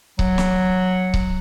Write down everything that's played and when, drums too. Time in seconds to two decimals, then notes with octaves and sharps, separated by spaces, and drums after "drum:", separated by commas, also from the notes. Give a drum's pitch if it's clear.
0.19 F#3, drum: kick C#1
0.38 drum: snare
1.14 drum: kick C#1